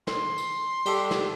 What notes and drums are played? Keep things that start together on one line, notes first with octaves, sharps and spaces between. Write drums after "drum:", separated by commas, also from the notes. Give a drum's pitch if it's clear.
C6, drum: snare
drum: tambourine
G3 G4 A4, drum: cymbal
drum: snare